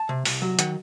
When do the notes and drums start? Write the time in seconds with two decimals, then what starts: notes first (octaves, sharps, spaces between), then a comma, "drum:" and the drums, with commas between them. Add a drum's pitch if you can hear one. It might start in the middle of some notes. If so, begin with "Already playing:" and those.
Already playing: A5
0.09 C3
0.25 C2, drum: open hi-hat
0.42 F#3
0.59 D#3 F#5, drum: hi-hat